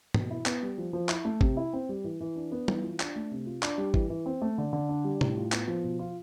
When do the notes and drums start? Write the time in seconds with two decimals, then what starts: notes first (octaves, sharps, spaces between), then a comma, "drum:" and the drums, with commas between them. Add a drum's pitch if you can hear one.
0.14 B2, drum: tom G#2
0.30 E4
0.46 B3, drum: clap
0.62 G3
0.78 F3
0.93 F3
1.09 E4, drum: clap
1.25 A3
1.41 C3, drum: kick G#1
1.57 E4
1.73 C4
1.89 G3
2.04 E3
2.20 E3
2.36 D4
2.52 B3
2.68 E3, drum: tom
2.83 F4
3.00 D4, drum: clap
3.16 A3
3.31 C3
3.46 F4
3.63 D4, drum: clap
3.78 G3
3.94 E3, drum: kick G#1
4.10 E3
4.26 C4
4.42 A3
4.58 D3
4.73 D3
4.89 D4
5.04 G3
5.21 A2, drum: tom C3
5.37 F4
5.52 B3, drum: clap
5.68 F3
5.84 B2
5.99 F4